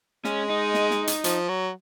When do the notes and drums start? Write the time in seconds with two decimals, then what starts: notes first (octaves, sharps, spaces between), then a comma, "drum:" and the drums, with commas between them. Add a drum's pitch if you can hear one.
0.24 G#3 C#4, drum: snare
0.50 D#4
0.74 drum: snare
0.91 drum: snare
1.07 drum: hi-hat
1.24 F3, drum: hi-hat
1.49 F#3